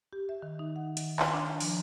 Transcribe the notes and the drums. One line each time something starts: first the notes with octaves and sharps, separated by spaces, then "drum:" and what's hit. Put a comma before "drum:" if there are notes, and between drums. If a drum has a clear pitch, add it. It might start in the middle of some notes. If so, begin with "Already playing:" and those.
G4
E5
D#3
D#4
F#5
D#3, drum: hi-hat
G5, drum: clap
D4
F3, drum: open hi-hat